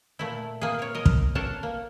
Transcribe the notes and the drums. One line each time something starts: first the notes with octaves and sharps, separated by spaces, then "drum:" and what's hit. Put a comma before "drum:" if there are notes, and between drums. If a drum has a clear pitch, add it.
A#2 A3 E4
A#3 G#4
A#4 C#5
A#4 D#5
drum: kick
D4 A4 A#4 C#5 A5
A#3